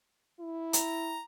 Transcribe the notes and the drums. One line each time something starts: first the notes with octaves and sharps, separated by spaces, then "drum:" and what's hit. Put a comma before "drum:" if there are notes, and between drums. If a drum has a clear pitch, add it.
E4
A#5, drum: hi-hat